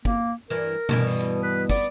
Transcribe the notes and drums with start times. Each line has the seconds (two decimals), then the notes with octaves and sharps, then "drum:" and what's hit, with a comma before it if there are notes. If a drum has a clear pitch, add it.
0.05 A#3, drum: kick
0.50 G2 E3 A#4
0.89 G2 B2 E3, drum: tom C3
1.07 drum: open hi-hat
1.20 drum: hi-hat
1.43 B4
1.70 B3 D5, drum: kick